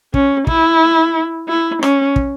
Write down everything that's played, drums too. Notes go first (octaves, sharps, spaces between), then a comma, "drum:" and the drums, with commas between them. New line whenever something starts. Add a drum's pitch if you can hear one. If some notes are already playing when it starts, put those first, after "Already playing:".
C#4, drum: kick
E4, drum: kick
E4
C#4, drum: rim click
drum: kick